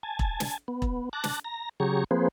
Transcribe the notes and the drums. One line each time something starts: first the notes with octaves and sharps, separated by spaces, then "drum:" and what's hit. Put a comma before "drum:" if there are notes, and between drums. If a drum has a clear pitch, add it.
G#5 A5
drum: kick E1
drum: snare
B3
drum: kick E1
A5 D6 F#6 A#6
drum: snare
A#5 A#6
C#3 F#3 G4 G#4 A#5 C#6
F3 A#3 C4 G#4 B4 C5